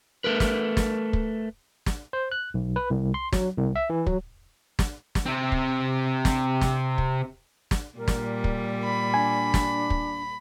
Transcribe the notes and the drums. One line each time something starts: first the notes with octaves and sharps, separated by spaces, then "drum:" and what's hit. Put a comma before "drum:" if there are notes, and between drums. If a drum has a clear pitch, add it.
A3 A#4 B4
drum: snare
drum: snare
drum: kick
drum: snare
C5
F#6
B1
B4
C2
C6
F#3, drum: snare
C2
E5
E3
F#3, drum: kick
drum: snare
drum: snare
C3 C4
drum: kick
drum: snare
drum: snare
drum: kick
drum: snare
A#2 G3 A#4
drum: snare
drum: kick
B5
D4 G#5
drum: snare
drum: kick